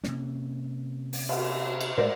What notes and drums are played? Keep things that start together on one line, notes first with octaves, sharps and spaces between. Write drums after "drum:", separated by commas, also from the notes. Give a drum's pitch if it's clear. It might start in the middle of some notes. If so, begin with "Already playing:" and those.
C3 A#3 C#4, drum: snare
drum: open hi-hat
drum: cymbal
drum: cymbal
A2 G#3 A3 A#4 C5 D5